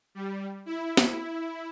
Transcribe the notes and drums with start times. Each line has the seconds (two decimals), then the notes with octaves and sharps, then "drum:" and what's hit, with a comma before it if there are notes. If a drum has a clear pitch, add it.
0.15 G3
0.66 E4
0.97 drum: snare